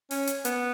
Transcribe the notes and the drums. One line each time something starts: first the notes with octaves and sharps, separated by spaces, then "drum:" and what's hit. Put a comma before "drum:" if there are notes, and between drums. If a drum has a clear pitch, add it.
C#4, drum: open hi-hat
drum: hi-hat
B3, drum: hi-hat